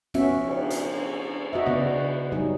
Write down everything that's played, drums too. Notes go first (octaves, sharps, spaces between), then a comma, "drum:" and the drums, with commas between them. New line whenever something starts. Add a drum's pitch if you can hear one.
F3 B3 C#4 F#4 E5, drum: cymbal
drum: cymbal
drum: hi-hat
F#4 D#5 E5
C#3 B3 D5 F#5
F#3 G3 D#4 G#4